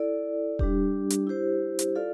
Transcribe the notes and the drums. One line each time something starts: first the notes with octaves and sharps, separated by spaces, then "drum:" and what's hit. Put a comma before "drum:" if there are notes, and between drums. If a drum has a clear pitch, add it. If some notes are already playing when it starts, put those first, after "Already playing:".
Already playing: E4 A4 D5
G3 D4 G4, drum: kick D#1
drum: hi-hat
E4 G4 C5
drum: hi-hat
F4 A4 D5 F5